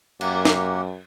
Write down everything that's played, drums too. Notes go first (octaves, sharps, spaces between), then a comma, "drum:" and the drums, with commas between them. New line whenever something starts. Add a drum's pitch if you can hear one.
F#2 A#3 G4 F#5, drum: cymbal
drum: snare